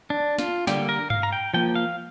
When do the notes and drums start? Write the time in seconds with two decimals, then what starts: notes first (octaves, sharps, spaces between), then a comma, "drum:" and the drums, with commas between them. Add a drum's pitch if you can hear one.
0.10 D4
0.39 F4, drum: snare
0.67 D3 G3 A#3 G4, drum: snare
0.89 A#4
1.10 F5, drum: tom G2
1.23 A#5
1.32 G5
1.54 F3 A#3 G5
1.75 F5